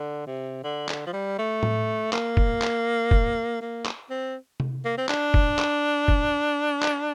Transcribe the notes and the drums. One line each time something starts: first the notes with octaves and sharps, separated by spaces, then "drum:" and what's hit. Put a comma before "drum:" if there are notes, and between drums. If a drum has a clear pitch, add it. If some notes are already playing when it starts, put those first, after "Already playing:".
Already playing: D3
C3
D3
D3, drum: clap
F3
G3
A3
drum: tom A2
A#3, drum: clap
drum: kick
drum: clap
drum: kick
A#3
drum: clap
C4
drum: tom C3
A#3
C4
D4, drum: clap
drum: kick
drum: clap
drum: kick
drum: clap